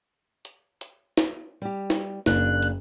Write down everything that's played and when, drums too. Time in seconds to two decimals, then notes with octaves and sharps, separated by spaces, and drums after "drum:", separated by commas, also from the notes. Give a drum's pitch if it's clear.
0.45 drum: hi-hat
0.81 drum: hi-hat
1.17 drum: snare
1.62 G3 G4
1.90 drum: snare
2.26 F#1 A#3 D4 F#6, drum: snare
2.63 drum: hi-hat